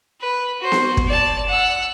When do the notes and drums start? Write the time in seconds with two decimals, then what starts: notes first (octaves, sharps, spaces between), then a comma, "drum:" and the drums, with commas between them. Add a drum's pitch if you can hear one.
0.21 B4
0.60 F#4 C5
0.72 drum: snare B3
0.97 drum: kick
1.07 D5 A5
1.48 F#5 E6